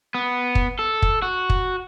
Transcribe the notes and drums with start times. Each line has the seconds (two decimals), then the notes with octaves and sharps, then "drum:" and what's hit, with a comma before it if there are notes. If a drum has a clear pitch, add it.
0.15 B3
0.55 drum: kick
0.79 A4
1.02 drum: kick
1.22 F#4
1.50 drum: kick